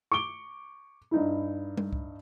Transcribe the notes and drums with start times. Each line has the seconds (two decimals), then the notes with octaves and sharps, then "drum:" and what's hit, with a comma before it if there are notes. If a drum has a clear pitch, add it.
0.12 C#6 D6 D7 G7
1.11 G2 D#4 E4
1.77 drum: tom G3
1.93 drum: kick C#2